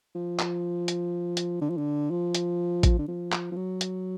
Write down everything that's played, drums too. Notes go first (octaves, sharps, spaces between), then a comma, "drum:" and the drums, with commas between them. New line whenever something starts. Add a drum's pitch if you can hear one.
F3
drum: clap
drum: hi-hat
drum: hi-hat
D3
F3
D3
F3
drum: hi-hat
drum: kick A1, hi-hat
D3
F3
drum: clap
F3
F#3
drum: hi-hat